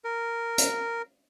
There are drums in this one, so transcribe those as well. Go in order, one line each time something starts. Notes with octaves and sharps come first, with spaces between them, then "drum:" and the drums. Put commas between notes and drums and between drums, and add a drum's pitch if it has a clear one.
A#4
drum: hi-hat